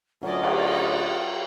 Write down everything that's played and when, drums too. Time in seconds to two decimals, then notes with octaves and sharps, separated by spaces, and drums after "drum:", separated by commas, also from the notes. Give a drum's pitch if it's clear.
0.23 D2 F#3 C#4 F4 A#4 D5 D#5
0.44 drum: cymbal